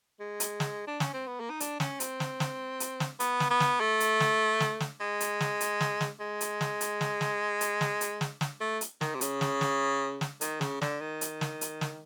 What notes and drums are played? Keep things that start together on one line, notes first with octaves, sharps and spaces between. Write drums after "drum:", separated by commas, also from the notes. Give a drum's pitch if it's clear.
G#3
drum: hi-hat
drum: snare
D4
C#4, drum: snare
C4
B3
A#3
D#4
D4, drum: hi-hat
C#4, drum: snare
C4, drum: hi-hat
drum: snare
drum: snare
drum: hi-hat
drum: snare
B3, drum: hi-hat
drum: snare
B3
drum: snare
A3
drum: hi-hat
drum: snare
drum: snare
drum: snare
G#3
drum: hi-hat
drum: snare
drum: hi-hat
drum: snare
drum: snare
G#3
drum: hi-hat
drum: snare
drum: hi-hat
drum: snare
drum: snare
drum: hi-hat
drum: snare
drum: hi-hat
drum: snare
drum: snare
A3
drum: hi-hat
D#3, drum: snare
C3
C#3, drum: hi-hat
drum: snare
drum: snare
drum: snare
D#3, drum: hi-hat
C#3, drum: snare
D3, drum: snare
D#3
drum: hi-hat
drum: snare
drum: hi-hat
drum: snare